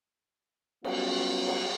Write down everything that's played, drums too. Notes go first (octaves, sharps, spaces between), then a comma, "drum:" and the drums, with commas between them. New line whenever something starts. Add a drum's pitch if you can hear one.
F#3 G3 B3 C#4 F4 F#4, drum: cymbal
drum: cymbal